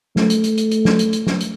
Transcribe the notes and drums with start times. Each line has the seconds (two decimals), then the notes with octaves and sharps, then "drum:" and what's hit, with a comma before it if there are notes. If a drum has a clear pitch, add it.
0.16 A3, drum: snare
0.30 drum: hi-hat
0.44 drum: hi-hat
0.57 drum: hi-hat
0.71 drum: hi-hat
0.85 drum: snare
0.99 drum: hi-hat
1.13 drum: hi-hat
1.27 drum: snare
1.40 drum: hi-hat